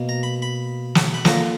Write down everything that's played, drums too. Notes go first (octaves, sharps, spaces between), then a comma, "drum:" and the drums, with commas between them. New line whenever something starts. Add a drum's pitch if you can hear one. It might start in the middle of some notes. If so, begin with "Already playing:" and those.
Already playing: B2 A#3
A#5
B5
B5
drum: snare
B5
D3 F3 A#3 A#5, drum: snare